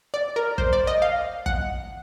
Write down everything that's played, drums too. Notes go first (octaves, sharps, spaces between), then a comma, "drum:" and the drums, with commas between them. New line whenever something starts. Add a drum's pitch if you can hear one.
D5
A#4
C5, drum: kick
D5
D#5
F5
F#5, drum: kick